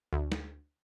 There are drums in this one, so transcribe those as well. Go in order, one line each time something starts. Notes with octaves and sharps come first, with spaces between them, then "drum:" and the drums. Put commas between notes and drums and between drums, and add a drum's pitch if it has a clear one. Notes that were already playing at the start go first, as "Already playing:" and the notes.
D2
drum: snare